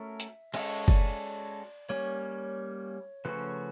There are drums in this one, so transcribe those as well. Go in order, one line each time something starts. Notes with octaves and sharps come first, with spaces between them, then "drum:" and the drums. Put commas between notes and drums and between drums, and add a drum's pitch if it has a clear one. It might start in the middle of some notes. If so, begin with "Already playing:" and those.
Already playing: A3 C#4 F#4 A#4 E5
drum: hi-hat
G#3 C#4 F#4 A4 D#5, drum: cymbal
D5, drum: kick F#1
G3 A#3 C#4 C#5
C#3 F3 A3 C#4 F#4 B4